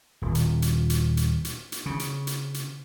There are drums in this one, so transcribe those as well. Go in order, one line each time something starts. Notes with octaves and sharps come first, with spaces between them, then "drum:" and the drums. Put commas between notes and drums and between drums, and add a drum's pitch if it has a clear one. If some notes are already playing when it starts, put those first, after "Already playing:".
D#1
drum: hi-hat
drum: hi-hat
drum: hi-hat
drum: hi-hat
drum: hi-hat
drum: hi-hat
C#3
drum: hi-hat
drum: hi-hat
drum: hi-hat